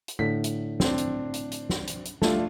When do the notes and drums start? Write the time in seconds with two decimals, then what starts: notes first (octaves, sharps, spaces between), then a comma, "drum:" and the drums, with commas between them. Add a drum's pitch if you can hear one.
0.08 drum: hi-hat
0.19 A2 D3 B6
0.44 drum: hi-hat
0.80 C4 D4, drum: snare
0.98 drum: hi-hat
1.34 drum: hi-hat
1.52 drum: hi-hat
1.69 drum: snare
1.87 drum: hi-hat
2.05 drum: hi-hat
2.22 G3 A3 D4 F4 A4, drum: snare